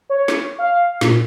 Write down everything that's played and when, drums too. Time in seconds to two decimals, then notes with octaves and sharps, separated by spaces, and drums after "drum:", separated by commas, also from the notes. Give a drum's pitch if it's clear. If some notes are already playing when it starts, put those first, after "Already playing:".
0.10 C#5
0.28 drum: snare
0.59 F5
1.01 A#2, drum: snare